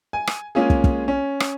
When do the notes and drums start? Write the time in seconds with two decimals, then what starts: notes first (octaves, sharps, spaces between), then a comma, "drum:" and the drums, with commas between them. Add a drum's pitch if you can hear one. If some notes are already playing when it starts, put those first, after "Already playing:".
0.13 G#5
0.27 drum: rim click
0.55 G#3 A#3 C#4 F4 G#4
0.70 drum: kick
0.84 drum: kick
1.08 C#4
1.40 drum: rim click